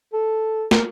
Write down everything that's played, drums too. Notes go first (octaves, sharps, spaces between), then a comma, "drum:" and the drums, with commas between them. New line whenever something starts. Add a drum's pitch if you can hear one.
A4
A#4, drum: snare